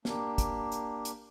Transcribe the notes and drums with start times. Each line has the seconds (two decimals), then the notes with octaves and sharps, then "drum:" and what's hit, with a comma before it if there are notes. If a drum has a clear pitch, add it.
0.05 A#3 D4 G4, drum: snare
0.38 drum: kick, hi-hat
0.72 drum: hi-hat
1.05 drum: hi-hat